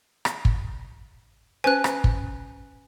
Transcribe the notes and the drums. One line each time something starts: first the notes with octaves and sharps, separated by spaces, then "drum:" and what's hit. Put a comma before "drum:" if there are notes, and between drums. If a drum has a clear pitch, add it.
drum: rim click
drum: kick
C#4 B4 C5 G#5 F#6
drum: rim click
drum: kick